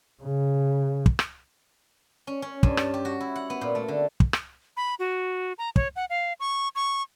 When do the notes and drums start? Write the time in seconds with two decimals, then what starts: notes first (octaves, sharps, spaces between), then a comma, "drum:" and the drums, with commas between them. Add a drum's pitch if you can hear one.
0.23 C#3
1.06 drum: kick
1.19 drum: rim click
2.27 C#4
2.42 C#4
2.63 G2, drum: kick
2.77 A5, drum: rim click
2.94 G4
3.05 F#4
3.20 E4
3.35 F#5
3.50 B3
3.61 A#2
3.75 A3
3.88 D3
4.20 drum: kick
4.33 drum: rim click
4.77 B5
4.99 F#4
5.58 A#5
5.76 C#5, drum: kick
5.96 F#5
6.10 F5
6.40 C#6
6.75 C#6